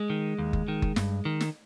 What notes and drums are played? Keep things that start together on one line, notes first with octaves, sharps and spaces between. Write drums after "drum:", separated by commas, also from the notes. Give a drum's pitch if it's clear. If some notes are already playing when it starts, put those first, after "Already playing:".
Already playing: G#3
D#3
D#2
drum: kick F#1
D#3
drum: kick F#1
G2, drum: snare
D#3
drum: snare